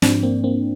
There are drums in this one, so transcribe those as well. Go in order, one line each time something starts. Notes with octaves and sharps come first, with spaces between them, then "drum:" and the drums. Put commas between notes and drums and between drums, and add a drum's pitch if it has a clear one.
G#2 F3 C4 D4, drum: snare
A#3 C4
A#3 C4